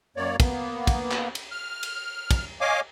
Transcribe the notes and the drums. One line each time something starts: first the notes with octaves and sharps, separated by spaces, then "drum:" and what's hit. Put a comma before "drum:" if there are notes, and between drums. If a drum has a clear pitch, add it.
F#2 A#3 C#5 D5
A#3 B3, drum: kick, cymbal
drum: kick, cymbal
drum: clap
drum: cymbal
F6
drum: cymbal
drum: kick, cymbal
C#5 D#5 F5 G#5 D6